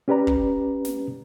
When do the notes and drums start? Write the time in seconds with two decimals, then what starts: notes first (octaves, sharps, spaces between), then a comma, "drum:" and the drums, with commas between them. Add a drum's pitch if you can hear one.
0.08 C#4 G4 B4 D5 A#5
0.27 drum: kick
0.85 drum: snare